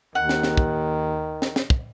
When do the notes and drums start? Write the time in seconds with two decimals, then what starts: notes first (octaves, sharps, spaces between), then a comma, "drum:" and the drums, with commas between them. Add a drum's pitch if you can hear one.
0.15 D#2 D#3 F#5
0.29 drum: snare
0.43 drum: snare
0.57 drum: kick
1.42 drum: snare
1.56 drum: snare
1.70 drum: kick